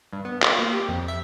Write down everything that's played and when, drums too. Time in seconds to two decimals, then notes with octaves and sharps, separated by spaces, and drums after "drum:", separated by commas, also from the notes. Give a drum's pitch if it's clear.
0.13 G2
0.25 B3
0.42 F4, drum: clap
0.59 A#3
0.73 G4
0.88 F2
1.08 E5